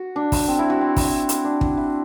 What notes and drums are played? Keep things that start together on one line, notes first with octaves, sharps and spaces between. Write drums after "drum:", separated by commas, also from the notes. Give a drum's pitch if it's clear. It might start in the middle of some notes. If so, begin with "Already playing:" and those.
Already playing: F#4
D4
drum: kick, open hi-hat
C4
E4
F#4
C4
drum: kick, open hi-hat
drum: hi-hat
D4
drum: kick
E4